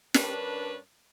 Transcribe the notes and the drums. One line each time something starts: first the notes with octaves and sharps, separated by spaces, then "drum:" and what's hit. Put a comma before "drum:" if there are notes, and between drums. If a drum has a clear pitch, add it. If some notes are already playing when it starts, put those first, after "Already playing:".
G2 C#4 D4 A#4 B4, drum: snare